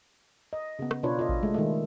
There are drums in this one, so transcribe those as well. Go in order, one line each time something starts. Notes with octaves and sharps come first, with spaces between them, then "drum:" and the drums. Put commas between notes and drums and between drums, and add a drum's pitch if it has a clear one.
D#5
C#3 B3
drum: rim click
B2 D4 F4 B4 C#5
F4 A4 D#5
drum: kick A1
G#3 A3
D#3 G#3 A3